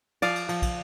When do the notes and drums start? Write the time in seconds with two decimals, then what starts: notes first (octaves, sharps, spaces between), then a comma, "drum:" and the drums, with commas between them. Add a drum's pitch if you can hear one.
0.22 F3 D5 F5, drum: cymbal
0.36 drum: cymbal
0.49 F3, drum: cymbal
0.62 drum: kick, cymbal